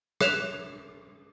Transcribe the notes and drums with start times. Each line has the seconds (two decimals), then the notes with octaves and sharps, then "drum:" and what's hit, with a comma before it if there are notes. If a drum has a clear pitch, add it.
0.21 C#5 E5 F#6 E7 F7, drum: rim click